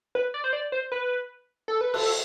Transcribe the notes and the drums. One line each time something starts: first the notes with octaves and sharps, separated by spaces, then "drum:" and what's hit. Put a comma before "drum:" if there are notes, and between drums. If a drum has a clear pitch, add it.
B4
D5
C5
D5
C5
B4
A4
B4
A4, drum: cymbal